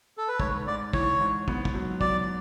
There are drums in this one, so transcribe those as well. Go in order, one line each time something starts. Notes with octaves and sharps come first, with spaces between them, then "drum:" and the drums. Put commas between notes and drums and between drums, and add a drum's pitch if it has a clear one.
A4
B4
G#2 C#5, drum: kick
G#2 D5
E3 C#5, drum: kick
G#2
B3, drum: kick
drum: kick
F#3
F#3 D5, drum: kick